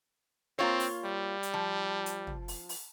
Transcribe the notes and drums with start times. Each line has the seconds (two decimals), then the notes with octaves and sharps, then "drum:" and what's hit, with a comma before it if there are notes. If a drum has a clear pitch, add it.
0.59 A#3 C4 F4 C#5
0.80 drum: open hi-hat
1.05 G3
1.43 drum: hi-hat
1.54 F3
2.06 drum: hi-hat
2.27 drum: tom
2.48 drum: open hi-hat
2.69 drum: open hi-hat